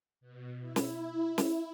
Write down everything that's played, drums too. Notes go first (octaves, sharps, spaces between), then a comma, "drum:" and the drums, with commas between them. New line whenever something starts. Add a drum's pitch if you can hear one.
B2
E4
drum: snare
E4, drum: snare